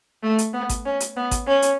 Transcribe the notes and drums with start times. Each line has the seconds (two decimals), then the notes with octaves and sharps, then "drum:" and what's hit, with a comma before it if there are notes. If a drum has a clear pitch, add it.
0.23 A3
0.38 drum: hi-hat
0.54 B3
0.69 drum: kick G#1, hi-hat
0.85 C#4
1.00 drum: hi-hat
1.16 B3
1.31 drum: kick G#1, hi-hat
1.47 C#4
1.62 drum: hi-hat